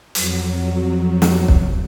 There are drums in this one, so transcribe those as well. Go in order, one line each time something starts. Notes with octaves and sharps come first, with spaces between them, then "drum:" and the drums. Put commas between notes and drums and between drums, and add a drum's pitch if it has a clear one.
F2 F#3, drum: hi-hat
drum: snare
drum: kick